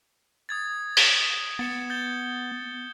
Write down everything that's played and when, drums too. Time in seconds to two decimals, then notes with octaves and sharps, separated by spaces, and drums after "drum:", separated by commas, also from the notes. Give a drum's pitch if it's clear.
0.49 D#6 G#6 A6
0.97 drum: open hi-hat
1.59 B3 A6 C#7 E7
1.90 G6 A6 G7